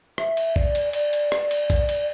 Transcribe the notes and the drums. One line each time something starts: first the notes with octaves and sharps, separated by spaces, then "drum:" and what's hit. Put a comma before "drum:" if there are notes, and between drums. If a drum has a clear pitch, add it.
E5, drum: rim click
drum: cymbal
D5, drum: kick
drum: cymbal
D5, drum: cymbal
drum: cymbal
drum: rim click
drum: cymbal
drum: kick, cymbal
drum: cymbal